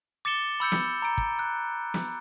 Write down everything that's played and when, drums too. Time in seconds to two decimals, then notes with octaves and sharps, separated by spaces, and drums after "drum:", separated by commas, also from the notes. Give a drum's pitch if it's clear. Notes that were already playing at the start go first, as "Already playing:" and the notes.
0.25 D6 A6 C#7 E7 G7
0.60 B5 E6 G6 C#7
0.72 drum: snare
1.02 A#5 D7
1.18 drum: kick
1.39 F#6
1.94 drum: snare